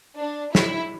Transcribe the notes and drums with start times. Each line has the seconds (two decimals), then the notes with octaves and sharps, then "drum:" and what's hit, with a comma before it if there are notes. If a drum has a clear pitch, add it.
0.19 D4
0.55 E4, drum: snare